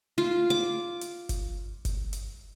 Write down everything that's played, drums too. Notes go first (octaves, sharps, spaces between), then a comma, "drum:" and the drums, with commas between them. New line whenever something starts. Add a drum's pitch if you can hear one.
F4
D6
drum: hi-hat
drum: kick F#1, hi-hat
drum: kick F#1, hi-hat
drum: hi-hat